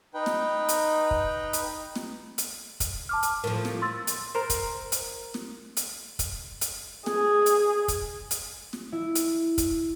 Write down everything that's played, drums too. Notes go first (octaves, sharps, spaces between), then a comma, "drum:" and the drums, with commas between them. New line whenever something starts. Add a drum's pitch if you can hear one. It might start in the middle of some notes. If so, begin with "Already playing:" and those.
D#4 B4 G5
drum: snare
drum: hi-hat
drum: kick
drum: hi-hat
drum: snare
drum: hi-hat
drum: kick, hi-hat
A5 D6 F6
drum: hi-hat
A2 F3 A#4
drum: snare
C6 E6 A6
drum: hi-hat
A#4 C5
drum: kick, hi-hat
drum: hi-hat
drum: snare
drum: hi-hat
drum: kick, hi-hat
drum: hi-hat
G#4, drum: snare
drum: hi-hat
drum: kick, hi-hat
drum: hi-hat
drum: snare
E4
drum: hi-hat
drum: kick, hi-hat